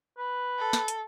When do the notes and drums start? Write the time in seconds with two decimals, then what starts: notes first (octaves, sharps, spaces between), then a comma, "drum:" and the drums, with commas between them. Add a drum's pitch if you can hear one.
0.18 B4
0.58 A4
0.73 drum: snare
0.88 drum: hi-hat